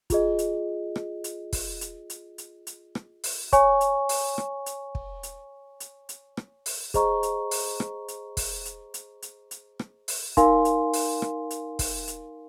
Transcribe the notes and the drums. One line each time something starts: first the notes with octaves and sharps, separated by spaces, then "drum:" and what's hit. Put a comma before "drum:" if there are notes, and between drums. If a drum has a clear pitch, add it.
F4 G#4 D#5, drum: kick, hi-hat
drum: hi-hat
drum: rim click
drum: hi-hat
drum: kick, open hi-hat
drum: hi-hat
drum: hi-hat
drum: hi-hat
drum: hi-hat
drum: rim click
drum: open hi-hat
C#5 G#5 C#6, drum: kick, hi-hat
drum: hi-hat
drum: open hi-hat
drum: rim click
drum: hi-hat
drum: kick
drum: hi-hat
drum: hi-hat
drum: hi-hat
drum: rim click
drum: open hi-hat
G#4 C5 D#5 A#5 C#6, drum: kick, hi-hat
drum: hi-hat
drum: open hi-hat
drum: rim click
drum: hi-hat
drum: kick, open hi-hat
drum: hi-hat
drum: hi-hat
drum: hi-hat
drum: hi-hat
drum: rim click
drum: open hi-hat
D#4 A#4 F5 G#5 C6, drum: kick, hi-hat
drum: hi-hat
drum: open hi-hat
drum: rim click
drum: hi-hat
drum: kick, open hi-hat
drum: hi-hat